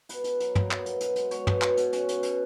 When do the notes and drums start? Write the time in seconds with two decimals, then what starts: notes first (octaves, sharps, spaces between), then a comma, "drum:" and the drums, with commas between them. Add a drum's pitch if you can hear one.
0.09 B2 B4, drum: hi-hat
0.24 B2, drum: hi-hat
0.40 F#3, drum: hi-hat
0.55 A#3, drum: tom
0.71 B2, drum: clap
0.86 B2, drum: hi-hat
1.01 B2, drum: hi-hat
1.16 G#3, drum: hi-hat
1.31 B2 C#5, drum: hi-hat
1.47 B2, drum: tom
1.62 B2, drum: clap
1.77 B2, drum: hi-hat
1.93 C#4, drum: hi-hat
2.09 B2, drum: hi-hat
2.23 B2, drum: hi-hat